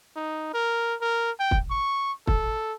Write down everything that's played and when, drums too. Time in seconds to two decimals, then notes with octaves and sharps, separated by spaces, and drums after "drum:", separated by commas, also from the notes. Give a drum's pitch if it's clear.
0.16 D#4
0.53 A#4
1.01 A#4
1.39 G5
1.51 drum: kick
1.70 C#6
2.27 A4, drum: kick